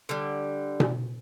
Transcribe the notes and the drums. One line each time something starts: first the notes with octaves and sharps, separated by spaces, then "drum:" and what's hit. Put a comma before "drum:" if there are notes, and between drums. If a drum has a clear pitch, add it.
D3 G3
drum: tom B2